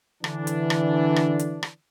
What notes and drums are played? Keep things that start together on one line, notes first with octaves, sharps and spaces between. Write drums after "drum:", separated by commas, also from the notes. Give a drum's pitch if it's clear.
D3 E3 D4, drum: rim click
drum: hi-hat
drum: rim click
drum: rim click
drum: hi-hat
drum: rim click